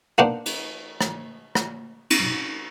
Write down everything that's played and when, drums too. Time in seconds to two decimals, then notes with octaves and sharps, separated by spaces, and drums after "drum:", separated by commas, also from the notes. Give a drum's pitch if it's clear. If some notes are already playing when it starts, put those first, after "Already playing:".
0.18 A#3 B3 D4 D#4 C5 F#5
0.46 drum: cymbal
1.01 drum: rim click
1.55 drum: rim click
2.10 drum: cymbal